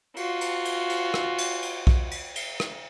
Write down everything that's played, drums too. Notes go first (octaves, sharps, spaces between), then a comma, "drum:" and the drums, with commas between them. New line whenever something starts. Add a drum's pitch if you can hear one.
F4 F#4, drum: cymbal
drum: cymbal
drum: cymbal
drum: cymbal
drum: rim click
drum: cymbal
drum: cymbal
drum: kick B1
drum: cymbal
drum: cymbal
drum: rim click